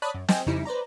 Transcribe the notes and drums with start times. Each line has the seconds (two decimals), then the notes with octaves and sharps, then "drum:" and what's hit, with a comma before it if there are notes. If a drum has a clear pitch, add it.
0.02 C#5 D5 A5 B5 D#6 F#6
0.14 F#2
0.28 C5 D#5 G5 G#5, drum: snare
0.46 F2 C#3 G3 D#4 E4
0.65 B4 C5 D5 A#5